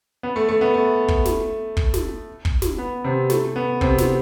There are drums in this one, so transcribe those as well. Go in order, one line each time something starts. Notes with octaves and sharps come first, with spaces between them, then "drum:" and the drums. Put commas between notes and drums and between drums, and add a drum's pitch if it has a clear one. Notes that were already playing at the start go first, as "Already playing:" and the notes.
B3
A3
A3
B3
A3
drum: kick
drum: snare
drum: kick
drum: snare
drum: kick
drum: snare
B3
C3 C4
A3, drum: snare
B3
C3 C4, drum: kick
drum: snare